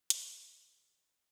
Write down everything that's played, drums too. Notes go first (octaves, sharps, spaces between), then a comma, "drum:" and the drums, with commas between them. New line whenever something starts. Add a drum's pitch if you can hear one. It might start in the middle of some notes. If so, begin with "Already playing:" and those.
C#3, drum: hi-hat